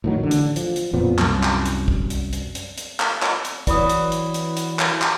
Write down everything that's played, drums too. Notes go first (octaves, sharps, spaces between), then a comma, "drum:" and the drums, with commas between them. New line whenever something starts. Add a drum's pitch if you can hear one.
A2 D#3 F#3
A1 D3
drum: hi-hat
F3, drum: hi-hat
drum: hi-hat
F2 A#2 F3 B3
C2 F#2, drum: clap
drum: clap
drum: hi-hat
drum: kick
drum: hi-hat
drum: hi-hat
drum: hi-hat
drum: hi-hat
drum: clap
drum: clap
drum: hi-hat
E3 F#3 D5 B5 D#6, drum: kick, hi-hat
drum: hi-hat
drum: hi-hat
drum: hi-hat
drum: hi-hat
drum: clap
drum: clap